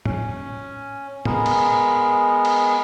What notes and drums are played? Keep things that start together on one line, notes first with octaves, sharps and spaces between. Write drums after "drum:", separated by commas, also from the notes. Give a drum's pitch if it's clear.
C#4, drum: tom
G#3 B3 A#4, drum: tom
drum: cymbal
drum: cymbal